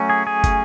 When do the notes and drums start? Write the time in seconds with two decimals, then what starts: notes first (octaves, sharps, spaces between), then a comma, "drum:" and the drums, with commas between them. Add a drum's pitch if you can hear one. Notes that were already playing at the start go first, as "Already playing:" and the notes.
Already playing: F#3 A3 C#4
0.10 G#4
0.27 G#4
0.44 drum: kick, hi-hat